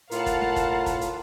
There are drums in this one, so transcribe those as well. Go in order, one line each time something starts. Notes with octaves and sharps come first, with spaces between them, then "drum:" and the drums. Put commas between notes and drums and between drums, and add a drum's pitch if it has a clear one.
A2 F4 A#4 F5 F#5 A5, drum: hi-hat
drum: kick, hi-hat
drum: snare
drum: kick, hi-hat
drum: kick, hi-hat
drum: hi-hat